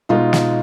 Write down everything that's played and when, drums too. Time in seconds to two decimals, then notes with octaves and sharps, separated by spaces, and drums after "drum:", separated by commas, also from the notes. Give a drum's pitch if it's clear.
0.09 B2 G#3 B3 D#4 F4
0.33 drum: snare